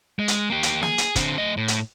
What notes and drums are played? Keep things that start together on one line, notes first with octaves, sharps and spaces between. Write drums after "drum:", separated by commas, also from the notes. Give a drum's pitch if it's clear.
G#3
drum: hi-hat
A#3 G4
drum: hi-hat
G#4, drum: snare
drum: hi-hat
D3 C4, drum: kick, hi-hat
A3 D#5
A2
drum: hi-hat